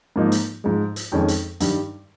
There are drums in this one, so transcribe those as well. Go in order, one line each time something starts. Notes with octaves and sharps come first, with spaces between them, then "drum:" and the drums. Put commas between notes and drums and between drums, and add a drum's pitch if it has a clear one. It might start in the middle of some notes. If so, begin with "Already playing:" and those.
G#2 F3 A#3 D#4
drum: hi-hat
G#2 F3 G#3
drum: hi-hat
F2 D#3 G#3 C#4
drum: hi-hat
G2 D#3 G3, drum: hi-hat